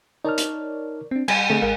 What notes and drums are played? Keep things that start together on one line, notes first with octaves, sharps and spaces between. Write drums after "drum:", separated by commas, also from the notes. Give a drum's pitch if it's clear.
D#4 A#4 C#5 D5 A5 F6
drum: hi-hat
C4 D4
G3 G#5, drum: cymbal
D3 A3 C4 G#4
G#1 G#3 A#4 F5